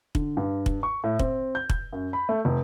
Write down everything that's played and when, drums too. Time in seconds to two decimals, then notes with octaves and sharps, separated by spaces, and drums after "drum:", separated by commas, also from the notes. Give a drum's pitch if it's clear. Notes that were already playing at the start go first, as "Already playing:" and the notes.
0.15 D3, drum: kick
0.37 G2
0.66 drum: kick
0.83 C#6
1.04 A2
1.19 C4, drum: kick
1.55 G6
1.70 G6, drum: kick
1.93 F#2
2.13 B5
2.29 A3
2.45 F1